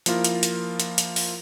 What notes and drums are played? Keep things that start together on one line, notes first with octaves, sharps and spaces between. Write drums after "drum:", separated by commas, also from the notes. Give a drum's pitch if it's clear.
F3 A#3 E4 F4 A#4, drum: hi-hat
drum: hi-hat
drum: hi-hat
drum: hi-hat
drum: hi-hat
drum: open hi-hat